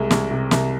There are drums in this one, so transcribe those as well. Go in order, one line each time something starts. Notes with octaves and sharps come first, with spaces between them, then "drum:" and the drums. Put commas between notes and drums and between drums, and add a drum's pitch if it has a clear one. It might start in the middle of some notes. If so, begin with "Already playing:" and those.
Already playing: C2 G#3
C2, drum: snare
C3
C2, drum: snare